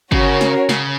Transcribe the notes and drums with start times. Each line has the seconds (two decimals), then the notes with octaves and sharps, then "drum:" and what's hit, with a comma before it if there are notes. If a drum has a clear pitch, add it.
0.12 C#3 C#4 F#4 A#4 C#5, drum: kick
0.41 drum: snare
0.69 C#3, drum: snare